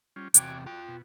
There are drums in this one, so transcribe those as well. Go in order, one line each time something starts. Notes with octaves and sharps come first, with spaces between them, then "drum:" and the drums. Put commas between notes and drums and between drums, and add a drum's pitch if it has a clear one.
G3 C#4 F4
E2 C3 F#4 G5 G#5 D6, drum: hi-hat
F4 F#4 G5
B2